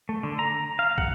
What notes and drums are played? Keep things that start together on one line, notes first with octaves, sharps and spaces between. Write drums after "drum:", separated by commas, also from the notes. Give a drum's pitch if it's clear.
A3
D3
A#5
F5
F#5, drum: kick